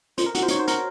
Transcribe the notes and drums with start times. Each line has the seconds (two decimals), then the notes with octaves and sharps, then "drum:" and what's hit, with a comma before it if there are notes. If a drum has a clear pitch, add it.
0.18 F4 C5, drum: hi-hat
0.26 A#4
0.35 D#4 F#4, drum: hi-hat
0.42 F4 C5
0.48 D#4 C#5, drum: hi-hat
0.59 C5
0.68 A#4, drum: hi-hat